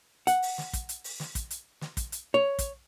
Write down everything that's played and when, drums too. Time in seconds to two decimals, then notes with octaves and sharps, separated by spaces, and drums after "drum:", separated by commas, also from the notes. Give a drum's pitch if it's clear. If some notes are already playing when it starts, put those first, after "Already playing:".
0.27 F#5, drum: hi-hat
0.43 drum: open hi-hat
0.58 drum: snare
0.73 drum: kick, hi-hat
0.89 drum: hi-hat
1.04 drum: open hi-hat
1.20 drum: snare
1.35 drum: kick, hi-hat
1.51 drum: hi-hat
1.81 drum: snare
1.97 drum: kick, hi-hat
2.12 drum: hi-hat
2.34 C#5
2.59 drum: kick, hi-hat